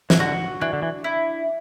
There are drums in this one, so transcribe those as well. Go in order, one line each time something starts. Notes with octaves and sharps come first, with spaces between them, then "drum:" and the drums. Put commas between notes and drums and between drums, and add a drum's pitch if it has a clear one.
E3, drum: snare
D3 F#4
E3 D4
D3
E3
E4